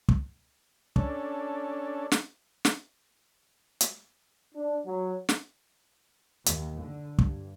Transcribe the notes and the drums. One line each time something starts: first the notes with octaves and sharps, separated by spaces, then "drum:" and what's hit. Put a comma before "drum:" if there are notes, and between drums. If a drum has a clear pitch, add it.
drum: kick
C#4 D4 A4, drum: kick
drum: snare
drum: snare
drum: hi-hat
D4
F#3
drum: snare
D#2, drum: hi-hat
D3
G2, drum: kick